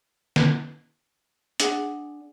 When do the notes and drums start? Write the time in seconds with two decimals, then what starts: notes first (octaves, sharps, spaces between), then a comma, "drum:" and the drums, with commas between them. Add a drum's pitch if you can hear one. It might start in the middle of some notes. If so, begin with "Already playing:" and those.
0.36 drum: snare
1.60 D4 G#4 F#5, drum: hi-hat